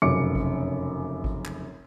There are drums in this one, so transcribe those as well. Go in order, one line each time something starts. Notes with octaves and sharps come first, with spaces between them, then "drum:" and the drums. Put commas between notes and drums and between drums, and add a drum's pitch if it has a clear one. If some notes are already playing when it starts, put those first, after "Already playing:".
F1 F#2 C#3 D6 C#7
drum: kick G#1
drum: kick G#1
drum: clap